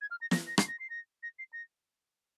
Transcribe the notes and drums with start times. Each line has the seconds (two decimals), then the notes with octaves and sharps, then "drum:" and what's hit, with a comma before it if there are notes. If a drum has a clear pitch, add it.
0.01 G#6
0.11 F6
0.21 A#6
0.31 A#6, drum: snare
0.47 A#6
0.58 C7, drum: rim click
0.68 A#6
0.79 C7
0.90 A#6
1.23 A#6
1.39 C7
1.53 A#6